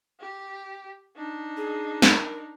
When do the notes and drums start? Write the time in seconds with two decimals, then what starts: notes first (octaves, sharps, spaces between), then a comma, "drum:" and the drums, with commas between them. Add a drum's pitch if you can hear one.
0.20 G4
1.16 D4 D#4
1.57 G#4
2.02 A#4, drum: snare